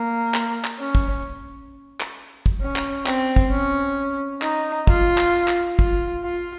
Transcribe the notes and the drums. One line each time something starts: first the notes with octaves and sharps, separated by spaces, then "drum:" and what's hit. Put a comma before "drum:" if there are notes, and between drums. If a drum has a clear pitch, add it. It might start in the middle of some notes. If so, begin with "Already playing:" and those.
Already playing: A#3
drum: clap
drum: clap
C#4
drum: kick
drum: clap
drum: kick
C#4
drum: clap
C4, drum: clap
drum: kick
C#4
D#4, drum: clap
F4, drum: kick
drum: clap
drum: clap
F4, drum: kick
F4